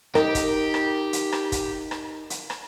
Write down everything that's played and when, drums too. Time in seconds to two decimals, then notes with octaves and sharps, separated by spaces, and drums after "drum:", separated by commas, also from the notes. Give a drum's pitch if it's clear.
0.15 D#4 G4 A#4, drum: rim click
0.35 drum: kick, hi-hat
0.74 drum: rim click
1.13 drum: hi-hat
1.32 drum: rim click
1.52 drum: kick, hi-hat
1.91 drum: rim click
2.30 drum: hi-hat
2.50 drum: rim click